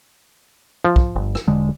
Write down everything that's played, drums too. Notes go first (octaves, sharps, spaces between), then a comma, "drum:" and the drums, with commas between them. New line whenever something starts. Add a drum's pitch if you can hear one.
F3
drum: kick
G1
drum: rim click
E1 D3 G#3